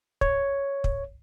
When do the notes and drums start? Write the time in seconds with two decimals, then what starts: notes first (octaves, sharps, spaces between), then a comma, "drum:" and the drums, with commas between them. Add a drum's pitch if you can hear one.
0.21 C#5, drum: kick
0.84 drum: kick